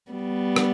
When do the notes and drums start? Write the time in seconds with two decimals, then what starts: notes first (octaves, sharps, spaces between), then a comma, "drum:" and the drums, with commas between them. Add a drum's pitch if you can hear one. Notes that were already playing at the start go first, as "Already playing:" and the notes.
0.12 G3 B3
0.56 drum: rim click